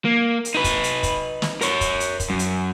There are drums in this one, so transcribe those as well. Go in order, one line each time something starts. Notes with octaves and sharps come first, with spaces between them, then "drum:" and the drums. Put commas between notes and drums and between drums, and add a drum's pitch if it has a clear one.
A#3
drum: hi-hat
D#4 B4
drum: kick, hi-hat
drum: hi-hat
drum: kick, hi-hat
drum: snare
A#4 C#5, drum: hi-hat
drum: kick, hi-hat
drum: hi-hat
drum: kick, hi-hat
F#2
drum: hi-hat